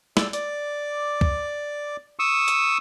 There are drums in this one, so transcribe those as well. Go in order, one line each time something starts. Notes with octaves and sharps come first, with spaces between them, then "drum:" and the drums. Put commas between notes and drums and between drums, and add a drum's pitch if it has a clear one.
D5 E6, drum: snare
D5 D6, drum: hi-hat
drum: kick
C#6 D#6 E6
drum: hi-hat